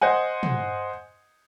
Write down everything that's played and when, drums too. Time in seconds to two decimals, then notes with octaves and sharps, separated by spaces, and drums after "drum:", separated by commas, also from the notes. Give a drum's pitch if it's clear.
0.01 C5 D#5 F#5 G#5
0.43 drum: tom